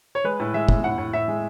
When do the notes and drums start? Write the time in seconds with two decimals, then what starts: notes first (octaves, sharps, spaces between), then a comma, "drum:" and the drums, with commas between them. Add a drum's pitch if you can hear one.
0.15 C#5
0.24 G#3 B4
0.40 A2
0.54 G#3 E5
0.69 A2, drum: kick
0.84 A2 F#5
0.98 A2
1.13 A2 E5
1.28 G#3